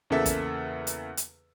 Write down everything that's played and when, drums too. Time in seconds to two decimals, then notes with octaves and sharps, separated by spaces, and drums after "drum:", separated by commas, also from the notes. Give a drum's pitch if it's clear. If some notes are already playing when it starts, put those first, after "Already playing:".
0.10 E2 C#3 A#3 A4 E5
0.26 drum: kick, hi-hat
0.87 drum: hi-hat
1.17 drum: hi-hat